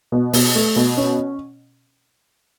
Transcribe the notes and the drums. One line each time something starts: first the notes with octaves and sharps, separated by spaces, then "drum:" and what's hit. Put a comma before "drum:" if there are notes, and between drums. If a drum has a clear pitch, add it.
B2
B2, drum: open hi-hat
A3
B2
C#4